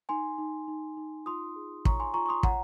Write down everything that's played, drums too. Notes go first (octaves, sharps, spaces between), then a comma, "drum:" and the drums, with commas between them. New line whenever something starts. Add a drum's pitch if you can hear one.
D#4 G#5 C6
D#4
D#4
D#4
F4 C6 D#6
G#4
C#5 A#5 C#6, drum: kick
G#5 C6
F4 A#5 C#6
C#6
C6 D#6
C#5 F#5 A#5, drum: kick